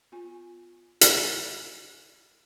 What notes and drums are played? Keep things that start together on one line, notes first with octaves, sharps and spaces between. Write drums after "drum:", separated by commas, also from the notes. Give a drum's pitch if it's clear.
B3 F4 G#5
drum: hi-hat